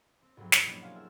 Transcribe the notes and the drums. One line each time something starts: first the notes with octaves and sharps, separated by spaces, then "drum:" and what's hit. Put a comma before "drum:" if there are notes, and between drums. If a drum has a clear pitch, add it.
C4
G#1 F2 F#3 C4 G4
G3 G#3 B3 E4, drum: snare
B2 A#3 C#4 D4 D5
F#4 G#4 C5 F5 F#5
G#3 A3 E5 F6